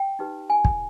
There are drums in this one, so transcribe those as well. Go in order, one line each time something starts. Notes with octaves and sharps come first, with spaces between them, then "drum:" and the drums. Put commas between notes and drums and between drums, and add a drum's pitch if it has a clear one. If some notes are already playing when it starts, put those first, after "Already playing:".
Already playing: G5
D#4 G4 B4
G#5
drum: kick